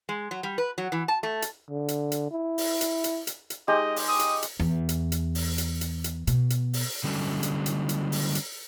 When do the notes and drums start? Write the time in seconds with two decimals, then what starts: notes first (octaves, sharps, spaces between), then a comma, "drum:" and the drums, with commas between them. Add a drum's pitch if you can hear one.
0.09 G#3
0.31 F#3
0.43 G3
0.58 B4
0.78 F#3
0.92 E3
1.08 A5
1.23 A3
1.42 drum: hi-hat
1.70 D3
1.88 drum: hi-hat
2.12 drum: hi-hat
2.31 E4
2.58 drum: open hi-hat
2.81 drum: hi-hat
3.04 drum: hi-hat
3.27 drum: hi-hat
3.50 drum: hi-hat
3.68 G#3 D#4 G4 D#5
3.96 drum: open hi-hat
4.08 D#6
4.19 drum: hi-hat
4.43 drum: hi-hat
4.59 E2
4.89 drum: hi-hat
5.12 drum: hi-hat
5.35 drum: open hi-hat
5.58 drum: hi-hat
5.81 drum: hi-hat
6.04 drum: hi-hat
6.27 B2, drum: hi-hat
6.50 drum: hi-hat
6.73 drum: open hi-hat
7.04 D3 F#3 G3 C#4 D4 A4
7.43 drum: hi-hat
7.66 drum: hi-hat
7.89 drum: hi-hat
8.12 drum: open hi-hat
8.35 drum: hi-hat